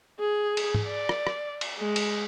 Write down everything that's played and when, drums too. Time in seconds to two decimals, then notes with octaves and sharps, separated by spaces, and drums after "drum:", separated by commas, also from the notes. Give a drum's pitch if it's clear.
0.19 G#4
0.57 drum: cymbal
0.75 drum: tom
0.87 D5
1.09 drum: rim click
1.27 drum: rim click
1.61 drum: cymbal
1.79 G#3
1.96 drum: cymbal